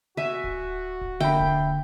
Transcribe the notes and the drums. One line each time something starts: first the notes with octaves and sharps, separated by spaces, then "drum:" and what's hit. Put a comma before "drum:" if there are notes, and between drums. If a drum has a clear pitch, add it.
F#4 E5 G#5
drum: kick D1
drum: kick D1
D3 A#3 E5 G5 B5
drum: kick D1